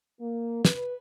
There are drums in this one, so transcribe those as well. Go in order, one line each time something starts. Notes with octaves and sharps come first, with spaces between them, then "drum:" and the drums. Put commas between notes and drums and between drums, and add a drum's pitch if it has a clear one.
A#3
B4, drum: snare